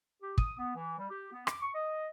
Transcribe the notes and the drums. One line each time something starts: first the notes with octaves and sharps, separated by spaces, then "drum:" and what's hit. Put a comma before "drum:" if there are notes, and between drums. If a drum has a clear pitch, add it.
G4
D#6, drum: kick
B3
E3
G3
G4
B3
D6, drum: rim click
C#6
D#5